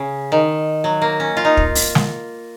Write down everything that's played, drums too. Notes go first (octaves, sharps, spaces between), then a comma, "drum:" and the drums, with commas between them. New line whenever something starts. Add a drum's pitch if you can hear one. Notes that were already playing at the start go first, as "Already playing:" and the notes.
Already playing: C#3
D#3
F#3
A#3
C#4
F4
D#4
drum: kick
drum: open hi-hat
drum: snare